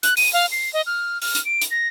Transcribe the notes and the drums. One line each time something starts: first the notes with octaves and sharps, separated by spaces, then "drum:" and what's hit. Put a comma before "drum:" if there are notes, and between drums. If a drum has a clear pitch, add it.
F#6, drum: hi-hat
D#7, drum: open hi-hat
F5
C7
D#5
F6
F6, drum: open hi-hat
drum: hi-hat
D7
drum: hi-hat
A#6